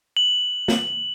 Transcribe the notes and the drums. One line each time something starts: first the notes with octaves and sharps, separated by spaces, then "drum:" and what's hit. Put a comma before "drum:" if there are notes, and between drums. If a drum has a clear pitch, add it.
F#7
drum: snare